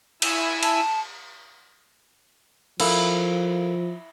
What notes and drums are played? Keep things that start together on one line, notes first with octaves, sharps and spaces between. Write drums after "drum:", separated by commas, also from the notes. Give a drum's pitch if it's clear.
E4 G#5 E6, drum: cymbal
A5, drum: cymbal
F3 E4 A4 A#4 F5, drum: cymbal